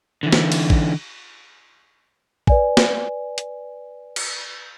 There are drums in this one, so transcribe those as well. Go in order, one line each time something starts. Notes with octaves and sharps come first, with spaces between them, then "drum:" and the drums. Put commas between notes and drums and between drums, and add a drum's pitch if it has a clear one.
D3 E3
drum: snare
drum: cymbal
drum: kick
B4 D5 G#5, drum: kick
drum: snare
drum: hi-hat
drum: cymbal